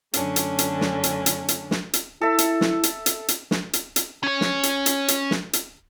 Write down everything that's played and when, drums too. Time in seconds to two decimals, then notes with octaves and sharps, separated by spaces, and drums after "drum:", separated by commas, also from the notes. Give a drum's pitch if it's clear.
0.14 F#2 D3 A3 C#4 D4, drum: hi-hat
0.36 drum: hi-hat
0.59 drum: hi-hat
0.81 drum: snare
1.03 drum: hi-hat
1.26 drum: hi-hat
1.48 drum: hi-hat
1.71 drum: snare
1.93 drum: hi-hat
2.21 E4 A4 E5
2.38 drum: hi-hat
2.61 drum: snare
2.83 drum: hi-hat
3.06 drum: hi-hat
3.28 drum: hi-hat
3.51 drum: snare
3.73 drum: hi-hat
3.96 drum: hi-hat
4.23 C#4 C#5
4.41 drum: snare
4.63 drum: hi-hat
4.86 drum: hi-hat
5.08 drum: hi-hat
5.31 drum: snare
5.53 drum: hi-hat